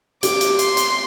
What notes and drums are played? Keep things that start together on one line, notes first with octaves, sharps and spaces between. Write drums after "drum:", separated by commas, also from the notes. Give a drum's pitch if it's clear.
G4 D6, drum: hi-hat
drum: hi-hat
C6, drum: hi-hat
drum: hi-hat